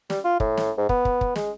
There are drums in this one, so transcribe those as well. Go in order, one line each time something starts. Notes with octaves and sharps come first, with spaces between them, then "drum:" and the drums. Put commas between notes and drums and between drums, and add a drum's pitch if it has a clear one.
G3, drum: snare
F4
A2, drum: kick
drum: snare
G#2
B3, drum: kick
drum: kick
drum: kick
G#3, drum: snare